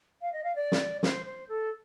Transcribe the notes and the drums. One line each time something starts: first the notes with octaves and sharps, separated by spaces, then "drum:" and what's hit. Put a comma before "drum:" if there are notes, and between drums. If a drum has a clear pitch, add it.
F5
D#5
F5
D5
drum: snare
C5, drum: snare
C5
A4